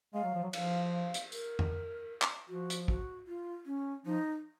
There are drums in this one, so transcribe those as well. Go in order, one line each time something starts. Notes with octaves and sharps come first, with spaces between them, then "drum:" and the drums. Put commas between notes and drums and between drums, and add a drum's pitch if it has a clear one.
G#3 F5
F#3
F3
F#3
F3 F5, drum: cymbal
F5
drum: hi-hat
A#4, drum: tambourine
drum: tom F2
drum: clap
F3 F#4
drum: hi-hat
F#4, drum: kick
F4
C#4
F3 D#4